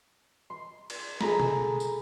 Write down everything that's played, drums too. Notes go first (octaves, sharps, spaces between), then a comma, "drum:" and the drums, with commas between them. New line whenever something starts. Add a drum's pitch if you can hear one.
C6
drum: cymbal
G#4 A4 A#5 B5, drum: snare
drum: tom B2
drum: tambourine